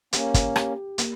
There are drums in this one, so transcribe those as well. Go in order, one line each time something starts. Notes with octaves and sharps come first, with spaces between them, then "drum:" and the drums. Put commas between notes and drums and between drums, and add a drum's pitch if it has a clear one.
A#3 C#4 G4, drum: hi-hat
drum: kick, hi-hat
G4, drum: rim click
A#3, drum: hi-hat